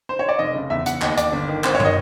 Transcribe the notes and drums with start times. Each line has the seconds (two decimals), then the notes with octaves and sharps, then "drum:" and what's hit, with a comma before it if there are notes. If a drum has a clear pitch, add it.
0.09 C5
0.19 C#5
0.29 D5
0.39 F1 D#5
0.55 C#3
0.70 E2 E5
0.86 E2 F#5, drum: hi-hat
1.01 D#2 D#5, drum: clap
1.17 D#2 D5, drum: hi-hat
1.32 G1
1.48 D#3
1.64 G#1 C5, drum: clap
1.75 C#5
1.80 D#3, drum: tom
1.85 D#5